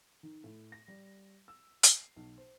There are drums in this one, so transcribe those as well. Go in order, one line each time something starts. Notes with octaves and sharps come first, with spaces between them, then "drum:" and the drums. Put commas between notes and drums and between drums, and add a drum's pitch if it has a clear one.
D#3
A2
A#6
G3
E6
C7, drum: hi-hat
B1
C5